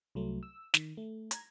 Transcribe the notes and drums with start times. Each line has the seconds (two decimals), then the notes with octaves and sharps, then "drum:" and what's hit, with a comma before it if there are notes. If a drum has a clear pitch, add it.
0.15 C2 F#3 A3
0.43 E6
0.74 D#3, drum: snare
0.97 A3
1.31 A#5 G#6, drum: hi-hat